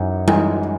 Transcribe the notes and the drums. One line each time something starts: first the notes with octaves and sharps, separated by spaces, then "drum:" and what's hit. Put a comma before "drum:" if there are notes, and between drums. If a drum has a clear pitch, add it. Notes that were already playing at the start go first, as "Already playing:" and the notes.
Already playing: F#2 E3 D#4
E3 G#3 D#4, drum: tom G3